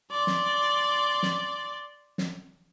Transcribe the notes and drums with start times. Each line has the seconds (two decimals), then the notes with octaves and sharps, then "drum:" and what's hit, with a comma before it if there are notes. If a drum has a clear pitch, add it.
0.11 D5 C6
0.27 drum: snare
1.23 drum: snare
2.18 drum: snare